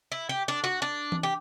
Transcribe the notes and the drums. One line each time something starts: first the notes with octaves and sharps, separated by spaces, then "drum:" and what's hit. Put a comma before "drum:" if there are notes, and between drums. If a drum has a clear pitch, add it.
E4
G4
D4
F#4
D4
drum: tom E3
G4